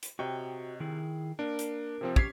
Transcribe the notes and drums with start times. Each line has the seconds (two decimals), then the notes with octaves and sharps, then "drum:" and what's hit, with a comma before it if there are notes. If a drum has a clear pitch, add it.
0.03 drum: hi-hat
0.19 C3 F#4 C#5 D#5 G5
0.80 D#3 E4 G#4
1.39 A#3 D4 A#4
1.59 drum: hi-hat
2.01 C3 F3 C4
2.16 C#4 G4 C#5 G#6 B6 C7, drum: kick